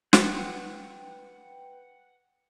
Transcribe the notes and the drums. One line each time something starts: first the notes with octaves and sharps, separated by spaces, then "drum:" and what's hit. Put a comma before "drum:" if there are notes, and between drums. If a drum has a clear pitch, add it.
B4 F#5 G5, drum: snare